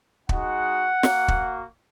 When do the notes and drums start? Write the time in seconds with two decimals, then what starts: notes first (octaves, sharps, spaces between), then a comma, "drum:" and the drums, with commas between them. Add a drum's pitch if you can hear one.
0.29 G#3 D#4 F#4 F#5, drum: kick
1.03 A#3 F#4, drum: snare
1.28 drum: kick